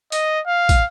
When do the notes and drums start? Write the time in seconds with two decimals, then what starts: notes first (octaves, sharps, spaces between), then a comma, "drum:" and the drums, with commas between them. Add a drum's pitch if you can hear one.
0.12 D#5, drum: hi-hat
0.47 F5
0.69 drum: kick, hi-hat